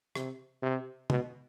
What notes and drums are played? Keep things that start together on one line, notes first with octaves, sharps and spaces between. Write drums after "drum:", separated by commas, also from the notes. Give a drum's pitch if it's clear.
C3, drum: rim click
C3
B2, drum: tom